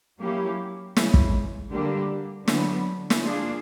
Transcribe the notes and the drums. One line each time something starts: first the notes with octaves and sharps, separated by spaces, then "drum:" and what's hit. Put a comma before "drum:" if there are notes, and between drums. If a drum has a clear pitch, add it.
F#3 A#3 C#4 E4 G4
C#3 E3 G#3, drum: snare
drum: kick
D3 G3 A#3 D4 G4
D3 F#3 B3, drum: snare
drum: snare
A#3 D4 F4 G#4